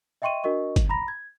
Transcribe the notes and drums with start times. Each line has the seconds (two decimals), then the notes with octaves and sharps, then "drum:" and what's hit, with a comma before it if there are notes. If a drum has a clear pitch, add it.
0.22 D#5 E5 G5 C6 C#6 D#7
0.44 D4 F#4 A#4 D#5 C#6
0.76 drum: kick G1, hi-hat
0.89 A#5 B5 A#6
1.08 G#6